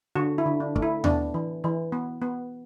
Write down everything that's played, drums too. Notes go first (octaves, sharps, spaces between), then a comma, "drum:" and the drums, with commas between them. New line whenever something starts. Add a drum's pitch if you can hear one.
D3 F#4
E4
D3
D4
A3, drum: kick
E4
B3 D4, drum: tom D#2
E3
E3
B3
B3